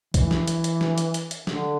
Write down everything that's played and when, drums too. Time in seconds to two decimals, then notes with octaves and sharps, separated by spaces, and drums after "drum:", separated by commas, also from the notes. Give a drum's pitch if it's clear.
0.14 E3, drum: kick B1, hi-hat
0.31 drum: snare
0.48 drum: hi-hat
0.64 drum: hi-hat
0.81 drum: snare
0.98 drum: hi-hat
1.14 drum: hi-hat
1.31 drum: hi-hat
1.47 D3, drum: snare